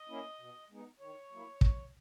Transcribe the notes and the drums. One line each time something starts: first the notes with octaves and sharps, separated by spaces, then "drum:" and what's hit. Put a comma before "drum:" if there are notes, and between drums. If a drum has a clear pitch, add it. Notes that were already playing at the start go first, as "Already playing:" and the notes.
Already playing: D#5
A#3 C#4 E4
B2
G#3 B3 D#4
D#3 C#5
F#3 A#3 E4
E2, drum: kick